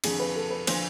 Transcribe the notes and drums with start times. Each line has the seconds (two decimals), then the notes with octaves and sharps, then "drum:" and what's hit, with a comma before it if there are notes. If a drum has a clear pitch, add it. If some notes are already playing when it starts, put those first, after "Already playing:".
0.04 F2 D3 F3 G#4, drum: cymbal
0.20 B4
0.36 A4
0.51 B4
0.67 D3 F3 C5, drum: cymbal